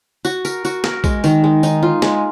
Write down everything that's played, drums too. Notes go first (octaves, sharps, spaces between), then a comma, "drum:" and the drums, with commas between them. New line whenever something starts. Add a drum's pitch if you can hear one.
F#4, drum: tambourine
A#4, drum: tambourine
F#4, drum: tambourine
A#4, drum: snare
G#3, drum: kick, tambourine
D#3, drum: tambourine
G#3
D#4, drum: tambourine
F4
G#3, drum: snare